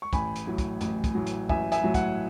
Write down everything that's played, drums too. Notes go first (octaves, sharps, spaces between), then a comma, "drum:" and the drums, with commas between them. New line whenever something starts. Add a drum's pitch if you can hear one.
C#6
A1 G#5 B5, drum: kick, hi-hat
drum: hi-hat
A2 F#3
drum: kick, hi-hat
A1, drum: hi-hat
drum: kick, hi-hat
A2 F#3
drum: hi-hat
A1 E5 G#5, drum: kick
E5 G#5, drum: hi-hat
A2 F#3
F#5, drum: kick, hi-hat